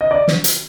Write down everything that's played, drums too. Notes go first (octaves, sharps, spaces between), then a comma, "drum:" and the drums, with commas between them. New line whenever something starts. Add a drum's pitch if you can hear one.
D#5
D5
drum: snare
drum: hi-hat